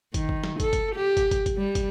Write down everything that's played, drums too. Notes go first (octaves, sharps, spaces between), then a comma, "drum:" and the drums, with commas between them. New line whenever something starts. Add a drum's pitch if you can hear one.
D#3, drum: kick, hi-hat
drum: kick
drum: snare
A4, drum: kick, hi-hat
drum: kick, hi-hat
G4
drum: kick, hi-hat
drum: kick, hi-hat
drum: kick, hi-hat
G3
drum: kick, hi-hat